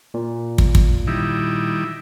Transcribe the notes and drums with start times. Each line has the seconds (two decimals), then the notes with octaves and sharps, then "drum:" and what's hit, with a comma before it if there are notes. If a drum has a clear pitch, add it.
0.14 A#2
0.58 drum: kick
0.75 drum: kick
1.07 D#3 G3 E4